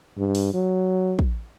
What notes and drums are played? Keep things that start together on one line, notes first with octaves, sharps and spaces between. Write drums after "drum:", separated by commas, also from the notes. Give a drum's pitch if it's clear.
G2
drum: open hi-hat
F#3
drum: kick